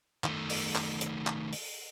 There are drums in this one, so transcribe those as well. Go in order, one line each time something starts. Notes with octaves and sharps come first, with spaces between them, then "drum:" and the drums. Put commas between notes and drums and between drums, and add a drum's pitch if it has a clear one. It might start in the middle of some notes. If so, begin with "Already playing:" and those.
D#3 A3, drum: clap
drum: open hi-hat
drum: clap
drum: hi-hat
drum: clap
drum: open hi-hat